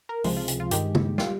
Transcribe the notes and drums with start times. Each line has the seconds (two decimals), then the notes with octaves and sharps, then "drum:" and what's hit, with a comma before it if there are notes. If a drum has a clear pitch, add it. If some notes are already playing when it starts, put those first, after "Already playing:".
0.09 A#4
0.24 C#2 C3 F3 G#3 C5, drum: open hi-hat
0.37 F4
0.48 drum: hi-hat
0.60 F4
0.71 G2 D#3 G#3 G4, drum: hi-hat
0.95 drum: tom
1.18 G3 F4, drum: snare